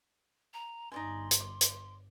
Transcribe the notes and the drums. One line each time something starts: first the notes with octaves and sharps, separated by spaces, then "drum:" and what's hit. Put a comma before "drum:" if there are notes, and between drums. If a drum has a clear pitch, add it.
A#5
G1 G2 D#4 D5 G#5 C6
drum: hi-hat
D6
drum: hi-hat